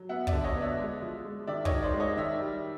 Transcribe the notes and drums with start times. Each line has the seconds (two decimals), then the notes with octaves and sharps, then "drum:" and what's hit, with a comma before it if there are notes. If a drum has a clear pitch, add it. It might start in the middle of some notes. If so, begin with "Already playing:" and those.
Already playing: F#3
0.09 B3 E5 F#5
0.27 D5 E5, drum: kick
0.33 D3
0.43 C#5 D#5
0.56 B3
0.61 D5 E5
0.78 G#3
1.02 F3
1.25 G#3
1.47 D#3 D5 E5
1.65 C#5 D#5, drum: kick
1.71 D#3
1.82 C5 D5
1.94 G#3
2.00 C#5 D#5
2.17 D#3 D5 E5
2.40 G3